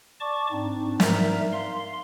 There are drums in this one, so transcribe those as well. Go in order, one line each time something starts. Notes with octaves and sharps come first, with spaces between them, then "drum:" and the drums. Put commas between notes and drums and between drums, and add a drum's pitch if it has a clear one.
D5 A5 C#6 D6
G#2 C4 D4 D#4
G#2 G3 A#4 E5 A#5, drum: snare
F5 C6